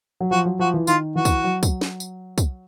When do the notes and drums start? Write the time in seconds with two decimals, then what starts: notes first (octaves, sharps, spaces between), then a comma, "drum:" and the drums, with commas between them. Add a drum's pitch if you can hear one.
0.20 F#3
0.31 F3 F#4
0.45 F#3
0.59 F3 F#4
0.74 E3
0.87 D#3 F4, drum: tambourine
1.16 E3 F#4
1.25 drum: kick, tambourine
1.44 F#3
1.63 drum: kick, tambourine
1.81 drum: snare
2.00 drum: tambourine
2.38 drum: kick, tambourine